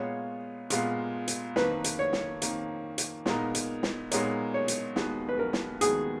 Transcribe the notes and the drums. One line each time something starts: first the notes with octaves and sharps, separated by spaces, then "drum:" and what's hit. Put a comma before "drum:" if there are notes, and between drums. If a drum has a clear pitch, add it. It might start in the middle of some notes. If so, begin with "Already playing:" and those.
Already playing: A#2 G#3 B3 F4 C#5
A#2 G#3 B3 F4, drum: hi-hat
drum: hi-hat
F2 D#3 A#3 B4, drum: snare
drum: hi-hat
C#5
drum: snare
F2 D#3 A#3, drum: hi-hat
drum: hi-hat
A#2 G#3 B3 D#4 A#4, drum: snare
drum: hi-hat
drum: snare
A#2 G#3 B3 D#4 A#4 C#5, drum: hi-hat
C#5
drum: hi-hat
D#2 D#3 G#3 B3 F#4, drum: snare
B4
A#4
drum: snare
D#2 D#3 G#3 B3 F#4 G#4, drum: hi-hat